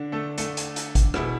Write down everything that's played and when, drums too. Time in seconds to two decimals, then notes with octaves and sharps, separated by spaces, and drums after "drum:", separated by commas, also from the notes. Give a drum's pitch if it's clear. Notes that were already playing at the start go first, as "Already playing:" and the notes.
Already playing: D3 D4
0.12 A3 A4
0.38 A3 A4, drum: hi-hat
0.57 drum: hi-hat
0.76 drum: hi-hat
0.95 drum: kick G#1, hi-hat
1.14 B2 A3 E4 G#4, drum: rim click